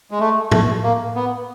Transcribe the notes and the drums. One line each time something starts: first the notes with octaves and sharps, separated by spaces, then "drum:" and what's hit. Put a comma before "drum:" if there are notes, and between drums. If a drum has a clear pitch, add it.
G#3
A3
A3, drum: tom
A#3
B3